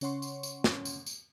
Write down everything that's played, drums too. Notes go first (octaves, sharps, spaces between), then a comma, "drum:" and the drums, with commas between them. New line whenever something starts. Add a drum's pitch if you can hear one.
C#3 C#4 C#5 F#5 C6 C#6, drum: tambourine
drum: tambourine
drum: tambourine
drum: snare
drum: tambourine
drum: tambourine